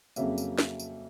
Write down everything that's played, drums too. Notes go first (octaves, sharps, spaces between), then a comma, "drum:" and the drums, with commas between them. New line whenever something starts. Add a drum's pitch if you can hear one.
F2 C#3 F#3 A#3 E5, drum: tambourine
drum: tambourine
drum: snare
drum: tambourine